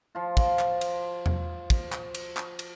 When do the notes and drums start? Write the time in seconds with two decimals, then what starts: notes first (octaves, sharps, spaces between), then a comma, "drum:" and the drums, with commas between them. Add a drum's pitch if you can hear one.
0.15 F3 F4
0.37 drum: kick, cymbal
0.59 drum: clap
0.81 drum: cymbal
1.26 drum: tom E2
1.70 drum: kick, cymbal
1.92 drum: clap
2.15 drum: cymbal
2.37 drum: clap
2.59 drum: cymbal